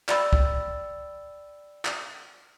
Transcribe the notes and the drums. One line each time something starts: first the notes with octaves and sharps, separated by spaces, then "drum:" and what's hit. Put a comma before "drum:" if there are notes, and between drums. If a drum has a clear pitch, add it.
D5 G5 B5 E6 A6, drum: clap
drum: kick
drum: clap